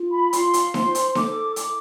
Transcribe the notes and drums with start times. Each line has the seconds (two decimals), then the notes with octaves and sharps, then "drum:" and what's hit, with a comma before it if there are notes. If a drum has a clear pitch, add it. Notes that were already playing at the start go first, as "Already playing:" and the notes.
Already playing: F4
0.12 B5
0.33 F4 C6, drum: hi-hat
0.54 drum: hi-hat
0.74 C5, drum: snare D#4
0.95 drum: hi-hat
1.15 A4 D6, drum: snare D#4
1.56 E4 D6, drum: hi-hat